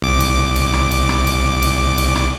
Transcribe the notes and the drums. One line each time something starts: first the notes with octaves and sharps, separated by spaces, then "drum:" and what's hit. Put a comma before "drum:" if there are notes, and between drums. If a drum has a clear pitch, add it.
C2 D6
drum: cymbal
drum: cymbal
drum: rim click
drum: cymbal
drum: rim click
drum: cymbal
drum: cymbal
drum: cymbal
drum: rim click